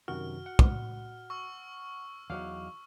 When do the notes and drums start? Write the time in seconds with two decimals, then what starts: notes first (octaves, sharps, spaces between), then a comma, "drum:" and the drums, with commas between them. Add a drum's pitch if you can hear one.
0.08 F#2 C3 D#3 F#4 F6
0.46 F#5
0.59 drum: kick
1.30 C#6 E6
2.30 E2 F#3 D#4 F5 D6 F6